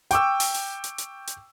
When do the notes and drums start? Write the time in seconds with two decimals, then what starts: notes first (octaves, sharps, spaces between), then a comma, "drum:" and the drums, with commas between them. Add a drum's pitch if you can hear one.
0.11 G5 C#6 D6 E6, drum: hi-hat
0.40 drum: open hi-hat
0.54 drum: hi-hat
0.84 drum: hi-hat
0.98 drum: hi-hat
1.27 drum: hi-hat